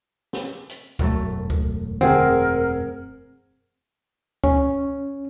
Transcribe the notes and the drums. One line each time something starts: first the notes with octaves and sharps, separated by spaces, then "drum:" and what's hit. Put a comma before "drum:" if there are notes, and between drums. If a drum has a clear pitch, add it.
drum: snare
drum: hi-hat
E1 F#2 A3, drum: kick C#2
drum: kick C#2
C4 G#4 A#4 F#5, drum: tom D3
C#4, drum: kick C#2